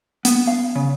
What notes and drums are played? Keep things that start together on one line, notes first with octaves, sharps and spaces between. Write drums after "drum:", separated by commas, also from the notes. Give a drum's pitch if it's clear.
B3, drum: hi-hat
F5
C#3